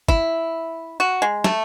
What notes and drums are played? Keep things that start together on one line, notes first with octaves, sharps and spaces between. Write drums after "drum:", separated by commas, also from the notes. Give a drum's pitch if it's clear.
E4, drum: kick
F#4
G#3
A3, drum: snare